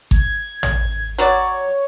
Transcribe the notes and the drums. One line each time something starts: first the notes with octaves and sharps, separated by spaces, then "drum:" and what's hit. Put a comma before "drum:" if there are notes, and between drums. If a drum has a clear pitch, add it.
G#6, drum: kick G#1
drum: tom
F#3 F#4 C#5 D5